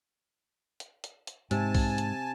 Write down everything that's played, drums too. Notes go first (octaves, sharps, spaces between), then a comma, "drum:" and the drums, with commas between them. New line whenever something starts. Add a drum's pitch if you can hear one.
drum: hi-hat
drum: hi-hat
drum: hi-hat
G#2 C3 G#5 A5, drum: hi-hat
drum: kick B1, open hi-hat
drum: hi-hat